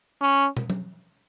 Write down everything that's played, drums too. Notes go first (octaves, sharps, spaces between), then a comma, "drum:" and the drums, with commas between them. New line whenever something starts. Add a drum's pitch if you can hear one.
C#4
drum: tom
drum: tom F#3